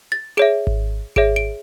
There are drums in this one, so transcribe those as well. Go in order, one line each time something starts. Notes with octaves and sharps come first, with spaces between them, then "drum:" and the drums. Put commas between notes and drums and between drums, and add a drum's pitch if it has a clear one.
A6
G#4 C#5 E5 D7
drum: kick G#1
G#4 C#5 E5 D7, drum: kick G#1
D7